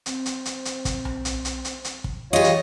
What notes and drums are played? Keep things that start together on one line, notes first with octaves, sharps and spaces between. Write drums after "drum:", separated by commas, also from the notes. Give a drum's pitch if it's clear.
C4, drum: hi-hat
drum: hi-hat
drum: hi-hat
drum: hi-hat
drum: kick, hi-hat
drum: tom B1
drum: hi-hat
drum: hi-hat
drum: hi-hat
drum: hi-hat
drum: kick
E3 F4 G4 C#5 D#5
drum: hi-hat